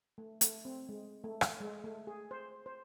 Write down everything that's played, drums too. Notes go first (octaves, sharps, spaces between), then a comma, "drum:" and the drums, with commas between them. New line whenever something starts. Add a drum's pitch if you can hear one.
A3
A3, drum: hi-hat
C4
G#3
A3
drum: rim click
G#3
A3
G#4
C5
C5